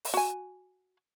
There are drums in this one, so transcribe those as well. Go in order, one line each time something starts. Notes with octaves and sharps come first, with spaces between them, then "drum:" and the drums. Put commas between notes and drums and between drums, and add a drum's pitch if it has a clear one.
drum: open hi-hat
F#4 G#5